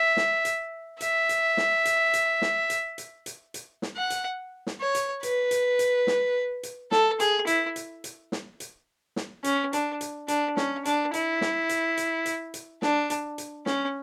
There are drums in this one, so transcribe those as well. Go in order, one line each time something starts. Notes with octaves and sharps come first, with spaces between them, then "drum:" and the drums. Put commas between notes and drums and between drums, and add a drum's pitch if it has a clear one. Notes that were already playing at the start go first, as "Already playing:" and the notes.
Already playing: E5
drum: snare
drum: hi-hat
E5, drum: hi-hat
drum: hi-hat
drum: snare
drum: hi-hat
drum: hi-hat
drum: snare
drum: hi-hat
drum: hi-hat
drum: hi-hat
drum: hi-hat
drum: snare
F#5
drum: hi-hat
drum: snare
C#5
drum: hi-hat
B4, drum: hi-hat
drum: hi-hat
drum: hi-hat
drum: snare
drum: hi-hat
A4, drum: snare
G#4, drum: hi-hat
E4, drum: hi-hat
drum: hi-hat
drum: hi-hat
drum: snare
drum: hi-hat
drum: snare
C#4, drum: hi-hat
D4, drum: hi-hat
drum: hi-hat
D4, drum: hi-hat
C#4, drum: snare
D4, drum: hi-hat
E4, drum: hi-hat
drum: snare
drum: hi-hat
drum: hi-hat
drum: hi-hat
drum: hi-hat
D4, drum: snare
drum: hi-hat
drum: hi-hat
C#4, drum: snare